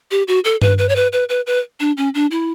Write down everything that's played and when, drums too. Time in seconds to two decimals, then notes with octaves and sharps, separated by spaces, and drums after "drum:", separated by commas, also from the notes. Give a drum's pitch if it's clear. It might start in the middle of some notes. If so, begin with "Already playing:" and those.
0.11 G4
0.28 F#4
0.44 A4
0.62 B4, drum: tom G2
0.78 B4
0.89 C#5
0.96 B4
1.13 B4
1.29 B4
1.47 B4
1.80 D4
1.97 C#4
2.15 D4
2.31 E4